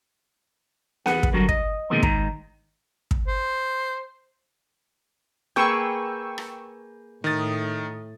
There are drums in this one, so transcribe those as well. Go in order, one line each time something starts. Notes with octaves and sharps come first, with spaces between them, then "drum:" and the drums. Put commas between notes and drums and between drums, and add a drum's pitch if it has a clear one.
E2 G#4 B4 F#5, drum: snare B3
drum: kick
D3 F#3 G3 F#4 A#4
D#5, drum: kick
B2 D#3 F3 G#3 A#3 C4
G#2 D#3 A#5, drum: kick
drum: kick
C5
A#3 G#4 B4 G5 C#6 E6 G6
drum: rim click
A2 D#3 D#6 A6